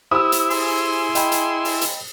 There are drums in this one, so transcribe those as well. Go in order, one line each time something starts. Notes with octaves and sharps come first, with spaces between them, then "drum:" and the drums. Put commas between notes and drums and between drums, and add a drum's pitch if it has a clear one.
E4 G4 C5 B5 D#6 E6
drum: hi-hat
G#4 G#5 C6, drum: open hi-hat
D#5 G5 B5, drum: hi-hat
drum: hi-hat
drum: open hi-hat
drum: hi-hat